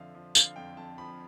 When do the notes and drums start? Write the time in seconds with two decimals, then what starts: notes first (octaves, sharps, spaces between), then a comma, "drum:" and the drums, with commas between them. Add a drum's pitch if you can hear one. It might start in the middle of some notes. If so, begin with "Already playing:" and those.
Already playing: F2 D3 F3 E5 F5
0.15 F3
0.35 D3 F5, drum: tambourine
0.56 F2 G5
0.77 F2 A5
0.98 F3 B5